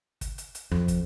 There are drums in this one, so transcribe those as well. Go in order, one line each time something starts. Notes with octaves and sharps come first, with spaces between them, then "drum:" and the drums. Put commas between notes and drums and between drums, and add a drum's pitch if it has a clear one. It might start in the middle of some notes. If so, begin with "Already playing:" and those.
drum: kick, hi-hat
drum: hi-hat
drum: hi-hat
F2, drum: rim click
drum: kick, hi-hat